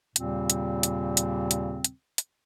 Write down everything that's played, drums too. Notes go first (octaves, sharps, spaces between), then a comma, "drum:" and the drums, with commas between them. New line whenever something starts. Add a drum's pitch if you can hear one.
D#2 A#2 C#3 G3 C4, drum: hi-hat
drum: hi-hat
drum: hi-hat
drum: hi-hat
drum: hi-hat
drum: hi-hat
drum: hi-hat